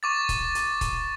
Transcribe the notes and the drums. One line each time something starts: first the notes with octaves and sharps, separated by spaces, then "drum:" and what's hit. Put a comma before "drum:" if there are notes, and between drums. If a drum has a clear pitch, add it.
C#6 D6 A6
drum: kick D#1, hi-hat
drum: hi-hat
drum: kick D#1, hi-hat